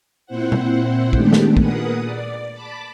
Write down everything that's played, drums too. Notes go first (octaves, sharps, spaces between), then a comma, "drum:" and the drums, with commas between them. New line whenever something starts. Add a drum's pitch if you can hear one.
A#2 C4 E4 C5 F#5
drum: tom B2
D#3 G#3 A3 B3 D4 G4, drum: kick
drum: snare
A#2 G#4 A#4 B4 F#5 D#6, drum: kick
D5
A5 B5 D6